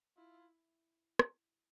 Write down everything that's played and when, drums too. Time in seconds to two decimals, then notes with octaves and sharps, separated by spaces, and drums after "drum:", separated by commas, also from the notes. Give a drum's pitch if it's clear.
0.17 E4 F4
1.19 drum: rim click